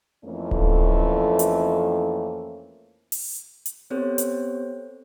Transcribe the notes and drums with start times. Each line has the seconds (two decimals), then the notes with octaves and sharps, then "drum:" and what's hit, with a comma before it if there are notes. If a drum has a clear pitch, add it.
0.24 F2 E3 A3 A#3 C#4
0.51 drum: kick D1
1.39 drum: hi-hat
3.12 drum: open hi-hat
3.66 drum: hi-hat
3.90 B3 C4 G4 A4 C5 C#5
4.18 drum: hi-hat